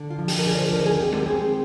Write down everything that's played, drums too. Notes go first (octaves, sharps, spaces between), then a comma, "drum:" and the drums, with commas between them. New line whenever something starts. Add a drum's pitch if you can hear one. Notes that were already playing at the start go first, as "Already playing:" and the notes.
Already playing: D3
F4
F3
G4, drum: open hi-hat
A#4
D3 G#4
D5
C5
D#2 A#4
G#4
C4 G4
drum: tom G#3
C4 G#4